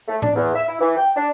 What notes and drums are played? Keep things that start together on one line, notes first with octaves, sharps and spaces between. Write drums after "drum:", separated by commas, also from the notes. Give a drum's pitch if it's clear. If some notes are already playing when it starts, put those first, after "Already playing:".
A3
D4, drum: tom A2
E2
E5
E4
E3
G5
D4